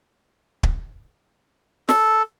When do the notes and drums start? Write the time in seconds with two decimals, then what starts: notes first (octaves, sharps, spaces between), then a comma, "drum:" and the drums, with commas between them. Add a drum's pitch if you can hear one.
0.63 drum: kick
1.89 A4, drum: snare